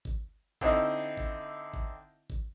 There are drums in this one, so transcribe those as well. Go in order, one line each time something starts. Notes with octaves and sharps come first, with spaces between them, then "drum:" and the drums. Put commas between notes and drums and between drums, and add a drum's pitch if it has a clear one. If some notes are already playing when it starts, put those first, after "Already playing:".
drum: kick
D3 C4 D#4 E4, drum: kick
drum: kick
drum: kick
drum: kick